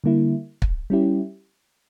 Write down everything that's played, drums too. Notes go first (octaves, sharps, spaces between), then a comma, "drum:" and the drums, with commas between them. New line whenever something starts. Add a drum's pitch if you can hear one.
D3 G3 A#3 E4
drum: kick
G3 C#4 E4 G4